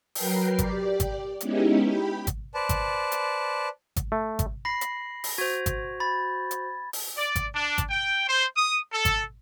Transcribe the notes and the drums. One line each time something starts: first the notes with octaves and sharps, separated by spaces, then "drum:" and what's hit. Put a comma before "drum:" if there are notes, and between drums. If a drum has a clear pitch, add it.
F#3 A#4 B4 G5 C7, drum: open hi-hat
G4 D5, drum: kick G#1, hi-hat
drum: kick G#1, hi-hat
G#3 B3 C#4 D#4 E4 G4, drum: hi-hat
G4 G5 B5
drum: kick G#1, hi-hat
B4 C5 D5 A5
drum: kick G#1, hi-hat
drum: hi-hat
drum: kick G#1, hi-hat
A3
drum: kick G#1, hi-hat
B5 A#6 C7
drum: hi-hat
drum: open hi-hat
F#4 C5 G#6
drum: kick G#1, hi-hat
B5 A6
drum: hi-hat
drum: open hi-hat
D5
drum: kick G#1, hi-hat
D4
drum: kick G#1, hi-hat
G5
C5
D#6
A4
drum: kick G#1, hi-hat